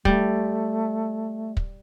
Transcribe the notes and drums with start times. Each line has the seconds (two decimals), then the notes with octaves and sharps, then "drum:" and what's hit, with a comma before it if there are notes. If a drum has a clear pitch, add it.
0.05 G3 A3, drum: kick
1.57 drum: kick